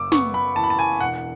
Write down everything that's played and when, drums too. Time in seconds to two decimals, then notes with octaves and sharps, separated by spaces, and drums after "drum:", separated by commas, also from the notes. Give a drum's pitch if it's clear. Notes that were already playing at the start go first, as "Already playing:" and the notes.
Already playing: F#1 F#2 D6 E6
0.12 B3 C#6, drum: snare
0.34 B5
0.56 E3 A5
0.64 B5
0.70 A5
0.79 G#5
1.00 E1 F#5